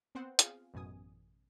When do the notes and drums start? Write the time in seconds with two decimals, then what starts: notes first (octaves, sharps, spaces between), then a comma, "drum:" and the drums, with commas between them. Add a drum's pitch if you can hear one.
0.15 B3 C4 C5 F#5
0.39 F4 G#4 F5, drum: hi-hat
0.74 A1 F#2 B2 G#5 D#6